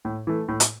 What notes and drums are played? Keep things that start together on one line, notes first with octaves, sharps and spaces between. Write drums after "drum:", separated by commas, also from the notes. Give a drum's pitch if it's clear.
A2
E3 A3
A2
drum: hi-hat